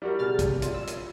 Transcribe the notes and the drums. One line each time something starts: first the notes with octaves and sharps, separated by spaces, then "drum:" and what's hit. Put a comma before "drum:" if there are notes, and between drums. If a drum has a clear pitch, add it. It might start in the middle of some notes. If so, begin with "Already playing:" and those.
G3 E4 F#4 A#4
B2 G#4 F6 A6
C3 D4, drum: kick, hi-hat
F4, drum: hi-hat
E6
drum: hi-hat